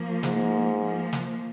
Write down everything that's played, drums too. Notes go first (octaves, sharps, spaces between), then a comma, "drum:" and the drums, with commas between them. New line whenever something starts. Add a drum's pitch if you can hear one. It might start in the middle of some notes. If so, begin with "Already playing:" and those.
Already playing: F3 A#3
G#2, drum: snare
F3 A#3
drum: snare